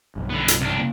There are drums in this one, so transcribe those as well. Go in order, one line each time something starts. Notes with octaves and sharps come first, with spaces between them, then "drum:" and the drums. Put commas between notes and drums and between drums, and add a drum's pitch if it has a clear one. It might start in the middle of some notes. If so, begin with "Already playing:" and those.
B1 G2
D3 B3
drum: hi-hat
C2 D4
C#3 A#3